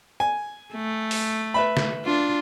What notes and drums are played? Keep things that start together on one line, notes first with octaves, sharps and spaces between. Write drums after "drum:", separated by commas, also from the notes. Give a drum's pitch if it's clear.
G#5
A3
drum: open hi-hat
B4 E5 B5
drum: snare
D4 F4